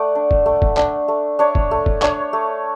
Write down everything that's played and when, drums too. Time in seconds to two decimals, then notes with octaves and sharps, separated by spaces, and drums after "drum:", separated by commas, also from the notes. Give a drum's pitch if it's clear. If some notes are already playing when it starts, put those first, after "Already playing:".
Already playing: A3 D5 F#5
0.15 D4
0.31 drum: kick
0.46 A3
0.62 drum: kick
0.77 D4, drum: clap
1.08 A3
1.39 D4 C#5
1.55 drum: kick
1.71 A3
1.86 drum: kick
2.02 D4 C#5, drum: clap
2.33 A3